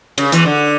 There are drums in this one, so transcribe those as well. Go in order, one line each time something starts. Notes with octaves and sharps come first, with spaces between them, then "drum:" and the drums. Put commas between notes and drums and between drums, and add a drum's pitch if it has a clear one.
C#3, drum: cymbal
E2 E3, drum: hi-hat
D3